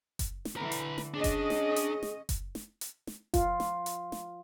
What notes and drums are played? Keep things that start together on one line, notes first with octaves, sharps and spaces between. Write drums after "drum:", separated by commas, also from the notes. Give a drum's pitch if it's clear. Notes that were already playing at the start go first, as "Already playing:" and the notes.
drum: kick F#1, hi-hat
drum: snare
D3 E3 B4 A#5
drum: hi-hat
drum: snare
C#4 D4 G#4 D#5
drum: kick F#1, hi-hat
drum: snare
drum: hi-hat
drum: snare
drum: kick F#1, hi-hat
drum: snare
drum: hi-hat
drum: snare
F4, drum: kick F#1, hi-hat
drum: snare
drum: hi-hat
drum: snare